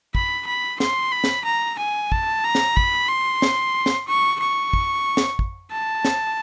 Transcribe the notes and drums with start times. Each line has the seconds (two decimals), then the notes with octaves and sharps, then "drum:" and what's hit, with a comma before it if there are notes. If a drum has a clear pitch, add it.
0.15 B5, drum: kick
0.47 B5
0.80 C6, drum: snare
1.12 B5
1.24 drum: snare
1.45 A#5
1.79 G#5
2.12 A5, drum: kick
2.44 A#5
2.55 drum: snare
2.77 B5, drum: kick
3.09 C6
3.42 drum: snare
3.86 drum: snare
4.08 C#6
4.40 C#6
4.73 drum: kick
5.17 drum: snare
5.39 drum: kick
5.72 A5
6.05 drum: snare